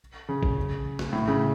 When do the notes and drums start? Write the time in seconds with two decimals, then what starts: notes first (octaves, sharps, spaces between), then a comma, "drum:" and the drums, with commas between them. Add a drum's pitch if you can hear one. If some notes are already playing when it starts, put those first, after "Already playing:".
0.29 C#3
0.43 drum: kick G#1
0.99 drum: snare
1.13 A2
1.28 C#3